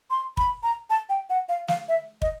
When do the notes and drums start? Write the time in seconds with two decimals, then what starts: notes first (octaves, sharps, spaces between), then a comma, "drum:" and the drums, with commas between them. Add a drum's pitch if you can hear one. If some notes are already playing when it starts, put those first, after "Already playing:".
0.10 C6
0.37 B5, drum: kick
0.63 A#5
0.90 A5
1.09 G5
1.30 F#5
1.49 F5
1.68 F5, drum: snare
1.88 E5
2.22 D#5, drum: kick